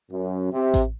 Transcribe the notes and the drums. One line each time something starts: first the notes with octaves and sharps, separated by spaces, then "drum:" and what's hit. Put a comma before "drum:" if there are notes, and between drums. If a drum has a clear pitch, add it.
F#2
C3
drum: kick A1, hi-hat